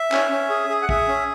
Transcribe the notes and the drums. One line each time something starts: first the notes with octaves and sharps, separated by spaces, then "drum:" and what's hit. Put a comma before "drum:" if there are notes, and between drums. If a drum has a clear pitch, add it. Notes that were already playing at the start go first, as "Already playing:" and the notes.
Already playing: E5
C#4, drum: clap
C#4
G#4
G#4
F#5
G#4 E5, drum: kick
C#4